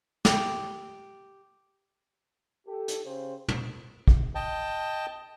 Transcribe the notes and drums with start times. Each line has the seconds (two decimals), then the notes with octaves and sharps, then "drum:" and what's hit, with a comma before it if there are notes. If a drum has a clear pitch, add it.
0.25 G4, drum: snare
2.67 G4 A4
2.88 drum: hi-hat
3.05 C#3 G4 C5
3.48 drum: tom
4.08 drum: kick
4.35 D#5 G5 A5